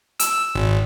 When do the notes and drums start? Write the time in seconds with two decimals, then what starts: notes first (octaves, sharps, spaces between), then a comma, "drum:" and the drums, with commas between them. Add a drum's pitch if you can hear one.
0.20 E6, drum: hi-hat
0.55 G#1